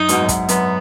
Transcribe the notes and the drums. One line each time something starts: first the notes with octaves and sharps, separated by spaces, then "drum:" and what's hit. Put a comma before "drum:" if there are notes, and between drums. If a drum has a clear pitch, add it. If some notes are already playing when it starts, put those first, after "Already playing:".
Already playing: F#2 D#4
G#2 B2, drum: hi-hat
F#2
B2, drum: kick, hi-hat
F#2 B3, drum: hi-hat